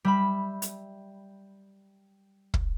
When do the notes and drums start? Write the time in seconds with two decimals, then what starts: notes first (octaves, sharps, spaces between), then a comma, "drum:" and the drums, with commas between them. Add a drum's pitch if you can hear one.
0.05 G3 E5 B5
0.62 drum: hi-hat
2.54 drum: kick